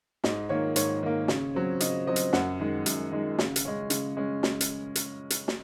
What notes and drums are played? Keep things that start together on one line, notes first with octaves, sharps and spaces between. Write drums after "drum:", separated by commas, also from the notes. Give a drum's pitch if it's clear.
G#2 D#5, drum: snare
D#3 A#3 C#5
G#2 C#5, drum: hi-hat
D#3 A#3
C#3, drum: snare
F#3 C4
C#3 D#5, drum: hi-hat
F#3 C4 D#5
drum: hi-hat
F#2 F#5, drum: snare
D#3 G#3
F#2, drum: hi-hat
D#3 G#3
C#3, drum: snare
drum: hi-hat
G#3 C#4
C#3, drum: hi-hat
G#3 C#4
drum: snare
drum: hi-hat
drum: hi-hat
drum: hi-hat
drum: snare